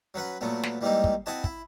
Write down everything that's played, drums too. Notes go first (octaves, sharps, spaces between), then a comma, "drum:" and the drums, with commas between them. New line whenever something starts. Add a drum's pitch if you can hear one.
F#3 C#4 B4 F#5
A#2 F#3 A3 B3
drum: snare
E3 G3 G#3 A#3 C4 D#4
drum: kick
C4 E4 F#4 D#5 G#5 A5
E4, drum: kick